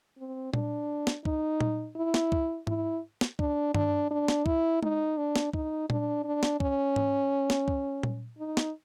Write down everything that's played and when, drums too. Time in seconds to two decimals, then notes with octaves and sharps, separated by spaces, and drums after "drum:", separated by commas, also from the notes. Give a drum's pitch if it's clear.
0.18 C4
0.54 D4, drum: tom A#2
1.07 drum: snare
1.25 D#4, drum: kick
1.61 drum: tom A#2
1.96 E4
2.14 drum: snare
2.32 drum: kick
2.67 E4, drum: tom G#2
3.21 drum: snare
3.39 D4, drum: kick
3.75 D4, drum: tom G2
4.11 D4
4.28 drum: snare
4.46 E4, drum: kick
4.83 D#4, drum: tom G#3
5.18 D4
5.36 drum: snare
5.53 D#4, drum: kick
5.90 D4, drum: tom A#2
6.24 D4
6.43 drum: snare
6.60 C#4, drum: kick
6.96 drum: tom G#2
7.50 drum: snare
7.68 drum: kick
8.03 drum: tom A#2
8.39 D#4
8.57 drum: snare